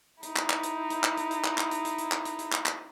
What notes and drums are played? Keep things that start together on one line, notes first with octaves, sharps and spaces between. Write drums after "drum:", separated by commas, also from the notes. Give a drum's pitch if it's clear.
D#4 E4, drum: hi-hat
drum: clap
drum: clap
drum: hi-hat
drum: hi-hat
drum: clap
drum: hi-hat
drum: hi-hat
drum: clap
drum: clap
drum: hi-hat
drum: hi-hat
drum: hi-hat
drum: clap
drum: hi-hat
drum: hi-hat
drum: clap
drum: clap